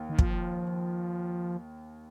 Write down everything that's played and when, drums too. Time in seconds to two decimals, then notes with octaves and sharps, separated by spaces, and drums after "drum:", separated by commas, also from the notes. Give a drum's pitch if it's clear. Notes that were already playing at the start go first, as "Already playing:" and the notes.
Already playing: D#2
0.10 D#3
0.19 F3, drum: kick